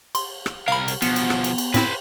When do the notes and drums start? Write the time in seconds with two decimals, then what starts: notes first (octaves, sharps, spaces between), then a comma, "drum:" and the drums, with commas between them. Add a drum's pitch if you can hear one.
0.15 C6, drum: cymbal
0.46 drum: rim click
0.68 C2 A#4 F5 B5
0.88 drum: cymbal
1.02 B2 F3 B3, drum: cymbal
1.16 drum: cymbal
1.30 drum: rim click
1.44 drum: cymbal
1.58 drum: cymbal
1.74 A2 C4 E4 B4 C5, drum: cymbal